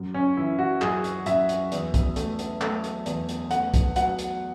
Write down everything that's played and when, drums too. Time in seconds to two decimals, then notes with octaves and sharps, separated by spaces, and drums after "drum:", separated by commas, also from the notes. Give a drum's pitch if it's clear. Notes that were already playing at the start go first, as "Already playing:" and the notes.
Already playing: F#2
0.14 C#4
0.36 E3 E4
0.59 F#4
0.81 F#2 G#4, drum: clap
1.04 drum: hi-hat
1.26 F#2 E5, drum: hi-hat
1.49 drum: hi-hat
1.72 E2, drum: hi-hat
1.94 drum: kick, hi-hat
2.16 A3, drum: hi-hat
2.39 drum: hi-hat
2.61 A3, drum: clap
2.84 drum: hi-hat
3.06 E2, drum: hi-hat
3.29 drum: hi-hat
3.51 A3 F#5, drum: hi-hat
3.74 drum: kick, hi-hat
3.96 F#3 F#5, drum: hi-hat
4.19 drum: hi-hat